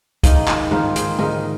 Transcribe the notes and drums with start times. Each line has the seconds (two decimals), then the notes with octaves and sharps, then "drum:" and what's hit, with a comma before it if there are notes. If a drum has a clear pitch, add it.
0.24 G#2 D#3 A#3 D#4, drum: kick, hi-hat
0.48 drum: clap
0.71 G#2 D#3 F4 A#4, drum: tom G2
0.96 G#4 C5, drum: hi-hat
1.18 G#2 D#3 A#4 D#5, drum: tom D3